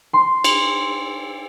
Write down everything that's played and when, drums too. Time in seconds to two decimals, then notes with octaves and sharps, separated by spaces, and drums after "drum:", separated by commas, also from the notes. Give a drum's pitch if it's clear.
0.13 C6
0.44 drum: cymbal